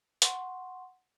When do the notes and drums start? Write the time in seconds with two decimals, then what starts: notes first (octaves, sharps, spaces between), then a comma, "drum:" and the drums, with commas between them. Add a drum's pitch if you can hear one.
0.22 F#5 C6 C#6, drum: hi-hat